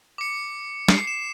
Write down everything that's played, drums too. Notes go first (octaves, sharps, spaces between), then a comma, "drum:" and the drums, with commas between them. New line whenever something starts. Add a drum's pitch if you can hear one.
D6 C#7
C7, drum: snare
E7